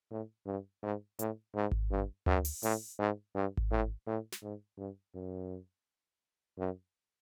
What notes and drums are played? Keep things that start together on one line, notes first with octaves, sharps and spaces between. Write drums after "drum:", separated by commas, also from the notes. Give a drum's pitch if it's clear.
A2
G2
G#2
A2, drum: hi-hat
G#2
drum: kick G#1
G2
F#2, drum: tom D2
drum: open hi-hat
A2, drum: open hi-hat
G#2
G2
drum: kick G#1
A2
A2
drum: snare
G#2
G2
F#2
F#2